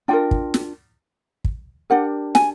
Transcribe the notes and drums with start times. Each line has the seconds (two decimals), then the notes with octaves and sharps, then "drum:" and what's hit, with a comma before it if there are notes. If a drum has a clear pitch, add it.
0.08 D4 F4 A#4 G5
0.31 drum: kick
0.54 drum: snare
1.44 drum: kick
1.90 D4 G4 A#4 F#5
2.35 G#5, drum: snare